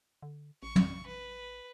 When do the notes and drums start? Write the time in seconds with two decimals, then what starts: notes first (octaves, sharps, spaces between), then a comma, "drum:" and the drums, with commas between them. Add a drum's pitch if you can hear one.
0.23 D3
0.63 A1 C#6
0.76 drum: tom
1.07 B4